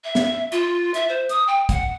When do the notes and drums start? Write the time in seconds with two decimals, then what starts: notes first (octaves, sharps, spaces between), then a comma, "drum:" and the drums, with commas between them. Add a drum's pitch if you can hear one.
0.04 E5
0.15 drum: snare
0.52 F4, drum: hi-hat
0.94 E5, drum: hi-hat
1.09 C5
1.29 D#6, drum: hi-hat
1.47 G5
1.69 F#5, drum: kick, hi-hat